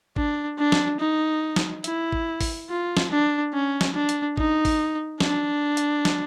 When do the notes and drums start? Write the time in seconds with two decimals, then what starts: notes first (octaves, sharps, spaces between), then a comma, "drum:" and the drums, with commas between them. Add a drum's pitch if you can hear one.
0.16 D4, drum: kick G#1
0.58 D4
0.72 drum: snare
1.00 D#4
1.56 drum: snare
1.84 E4, drum: hi-hat
2.12 drum: kick G#1
2.41 drum: kick G#1, open hi-hat
2.69 F4
2.97 drum: snare
3.11 D4
3.53 C#4
3.81 drum: snare
3.94 D4
4.09 drum: hi-hat
4.37 D#4, drum: kick G#1
4.65 drum: kick G#1, open hi-hat
5.21 D4, drum: snare
5.77 drum: hi-hat
6.05 drum: snare